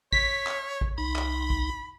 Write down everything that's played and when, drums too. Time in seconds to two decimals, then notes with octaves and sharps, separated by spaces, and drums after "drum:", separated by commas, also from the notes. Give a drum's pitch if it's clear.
0.12 C#5 B6, drum: kick
0.47 drum: clap
0.81 drum: kick
0.98 C2 D#4 B5
1.16 drum: clap
1.50 drum: kick